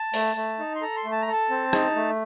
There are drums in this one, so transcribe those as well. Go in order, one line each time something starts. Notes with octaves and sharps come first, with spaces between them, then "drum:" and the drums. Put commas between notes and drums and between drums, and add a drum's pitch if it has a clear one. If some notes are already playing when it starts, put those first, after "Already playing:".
Already playing: A5
A3, drum: open hi-hat
A3
D#4
C6
A4 A#5
C6
A3
A5
A#5
A4
A5
C4
D#4, drum: rim click
A3